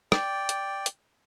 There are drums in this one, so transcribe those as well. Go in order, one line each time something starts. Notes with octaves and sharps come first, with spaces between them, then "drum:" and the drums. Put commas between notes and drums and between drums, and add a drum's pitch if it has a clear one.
D5 G5, drum: rim click
drum: hi-hat
drum: hi-hat